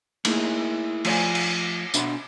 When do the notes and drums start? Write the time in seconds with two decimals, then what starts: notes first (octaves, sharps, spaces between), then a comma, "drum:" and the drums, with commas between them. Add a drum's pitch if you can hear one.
0.25 A3 A#3 D#4 E4 G#4, drum: cymbal
1.05 F3 A3 F4 C#5 D5 G#5, drum: cymbal
1.35 drum: cymbal
1.94 B2 D4 E5 F#5 B5 C6, drum: tambourine